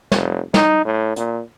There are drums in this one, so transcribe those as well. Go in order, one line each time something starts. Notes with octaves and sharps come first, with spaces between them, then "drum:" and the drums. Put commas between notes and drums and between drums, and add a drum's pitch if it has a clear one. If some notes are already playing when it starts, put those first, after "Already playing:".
F1, drum: snare
D#4, drum: snare
A2
A#2, drum: hi-hat